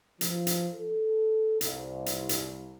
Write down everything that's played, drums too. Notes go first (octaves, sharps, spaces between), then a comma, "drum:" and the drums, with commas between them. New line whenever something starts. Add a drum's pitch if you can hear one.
F3, drum: hi-hat
drum: hi-hat
A4
C2, drum: hi-hat
drum: hi-hat
drum: hi-hat